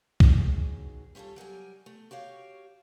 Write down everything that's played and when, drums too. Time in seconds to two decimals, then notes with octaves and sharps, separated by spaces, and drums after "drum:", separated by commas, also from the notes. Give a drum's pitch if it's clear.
0.20 B2 D#3 F#3 G#4, drum: kick
1.15 G3 C#4 D#4 F4 A4
1.36 F#3 G3 A#4 G#5
1.86 A3
2.11 F#4 G4 C#5 F5